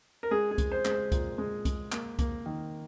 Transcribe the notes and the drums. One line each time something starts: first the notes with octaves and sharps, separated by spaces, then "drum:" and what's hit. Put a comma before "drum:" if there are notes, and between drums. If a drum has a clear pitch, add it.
A#4
G#3 G#4
G#4
G#3, drum: kick C2, hi-hat
C5
G#3, drum: clap
C5
A#2, drum: kick C2, hi-hat
G#3
G#3, drum: kick C2, hi-hat
A#3, drum: clap
A#3, drum: kick C2, hi-hat
D#3